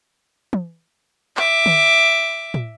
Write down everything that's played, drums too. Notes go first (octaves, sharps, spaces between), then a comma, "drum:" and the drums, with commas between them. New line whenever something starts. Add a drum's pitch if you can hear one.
drum: tom
E5 D6, drum: clap
drum: tom D3
drum: tom